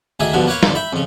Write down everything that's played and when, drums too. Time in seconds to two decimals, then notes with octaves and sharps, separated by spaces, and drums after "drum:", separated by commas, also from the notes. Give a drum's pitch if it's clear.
0.20 D2 D#3 G#4 E5
0.33 G2 B2 D3 F3
0.47 A#3 B4 C#5 F5
0.63 F2 D3, drum: snare
0.75 E5 G5 B5
0.93 F2 C#3